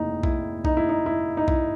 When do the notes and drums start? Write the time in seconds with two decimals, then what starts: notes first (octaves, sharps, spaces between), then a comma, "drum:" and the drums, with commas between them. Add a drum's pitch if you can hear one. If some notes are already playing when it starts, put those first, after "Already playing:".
Already playing: F1 D#2 C#3 E3 D#4
0.23 E4, drum: kick B1
0.65 D#4, drum: kick B1
0.77 E4
0.89 D#4
1.06 E4
1.37 D#4
1.48 E4, drum: kick B1